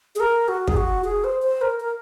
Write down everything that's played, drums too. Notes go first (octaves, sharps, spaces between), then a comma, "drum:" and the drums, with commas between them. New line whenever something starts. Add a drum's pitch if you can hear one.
G#4
A#4
F#4
G#4, drum: kick
F#4
G#4
C5
C5
A#4
A#4